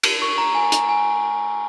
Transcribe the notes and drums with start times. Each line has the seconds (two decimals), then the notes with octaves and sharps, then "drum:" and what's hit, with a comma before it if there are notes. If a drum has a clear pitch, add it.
0.03 drum: cymbal
0.22 C#6
0.38 A#5
0.55 G#5
0.72 A#5, drum: hi-hat
0.89 G#5